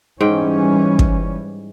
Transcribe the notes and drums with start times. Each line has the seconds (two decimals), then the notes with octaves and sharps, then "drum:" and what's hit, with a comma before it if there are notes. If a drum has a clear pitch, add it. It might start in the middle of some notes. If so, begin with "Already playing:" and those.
0.21 G#2 E3 G3 C#4 G5
0.99 drum: kick